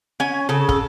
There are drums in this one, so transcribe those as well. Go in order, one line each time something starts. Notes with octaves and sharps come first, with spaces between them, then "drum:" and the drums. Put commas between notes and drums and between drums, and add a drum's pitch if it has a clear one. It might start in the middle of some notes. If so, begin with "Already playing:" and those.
C#4 G#5
C#3 A4
A4, drum: kick